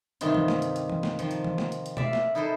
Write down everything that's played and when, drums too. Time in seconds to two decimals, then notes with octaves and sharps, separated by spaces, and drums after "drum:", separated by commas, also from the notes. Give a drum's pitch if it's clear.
0.21 G2 C3 D#3 D#4 F4, drum: hi-hat
0.35 drum: tom E3
0.48 drum: snare
0.62 drum: hi-hat
0.76 drum: hi-hat
0.90 drum: tom E3
1.03 drum: snare
1.19 D#3 F3, drum: hi-hat
1.31 drum: hi-hat
1.44 drum: tom E3
1.58 drum: snare
1.72 drum: hi-hat
1.86 drum: hi-hat
1.97 D5 E5 F5, drum: tom B2
2.13 drum: snare
2.35 D#4 E4 A4 A#4 C5 D#5